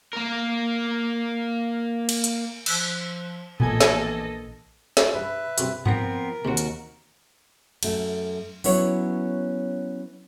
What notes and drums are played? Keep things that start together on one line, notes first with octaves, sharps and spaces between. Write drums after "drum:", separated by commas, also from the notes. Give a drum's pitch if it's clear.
A#3 A#4
drum: cymbal
drum: hi-hat
F3 E6 F#6 B6, drum: cymbal
A#1 E3 B3 A4 D#5 G#5 G#6, drum: tom A2
drum: snare
drum: snare
G2 B4 E5
F#2 C3 G3, drum: hi-hat
F3 B3 C4 A#4 F#5 A#5, drum: tom G2
D#2 C3 D#3 F#4
drum: hi-hat
F#2 A3, drum: cymbal
F#3 B3 C#4 E4 B4 C#5, drum: open hi-hat